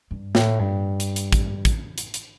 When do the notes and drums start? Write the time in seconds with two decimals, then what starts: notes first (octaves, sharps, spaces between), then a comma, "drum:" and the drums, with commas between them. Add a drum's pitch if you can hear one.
0.11 G2
0.35 A2, drum: snare
0.59 G2
1.00 drum: hi-hat
1.16 drum: hi-hat
1.32 drum: kick, hi-hat
1.65 drum: kick, hi-hat
1.98 drum: hi-hat
2.14 drum: hi-hat